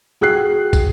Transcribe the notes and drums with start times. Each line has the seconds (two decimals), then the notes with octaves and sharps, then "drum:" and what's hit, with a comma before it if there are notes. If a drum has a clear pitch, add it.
0.21 F#4 G#4 G5 F#6 C7
0.73 drum: kick, tambourine